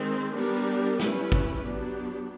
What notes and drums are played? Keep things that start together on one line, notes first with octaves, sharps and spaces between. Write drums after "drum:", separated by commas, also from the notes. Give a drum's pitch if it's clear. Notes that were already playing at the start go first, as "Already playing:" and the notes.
Already playing: D#3 G#3 C4
G3 B3 D4 G4 A#4
C#4 E4 G4 B4, drum: snare
drum: kick
F#3 B3 D4 G4